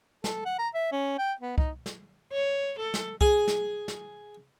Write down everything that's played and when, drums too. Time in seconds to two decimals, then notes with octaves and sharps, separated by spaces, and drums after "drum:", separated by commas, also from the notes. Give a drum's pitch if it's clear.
0.24 A4, drum: snare
0.45 F#5
0.59 A#5
0.74 E5
0.92 C#4
1.18 G5
1.41 B3
1.58 D#4, drum: kick
1.86 drum: snare
2.32 C#5
2.79 A4
2.94 drum: snare
3.21 G#4, drum: kick
3.48 drum: snare
3.88 drum: snare